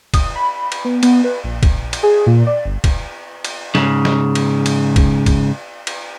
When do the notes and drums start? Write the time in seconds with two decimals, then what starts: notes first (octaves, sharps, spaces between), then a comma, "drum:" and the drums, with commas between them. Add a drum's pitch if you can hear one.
0.14 D#6, drum: kick, cymbal
0.35 B5
0.72 drum: cymbal
0.85 B3
1.03 B3, drum: cymbal
1.24 B4
1.44 A#1
1.63 drum: kick, cymbal
1.93 drum: cymbal
2.03 G#4
2.26 A#2
2.46 D5
2.65 G1
2.84 drum: kick, cymbal
3.44 drum: cymbal
3.75 G#2 C#3, drum: snare
4.05 drum: snare
4.35 drum: cymbal
4.66 drum: cymbal
4.96 drum: kick, cymbal
5.26 drum: kick, cymbal
5.87 drum: cymbal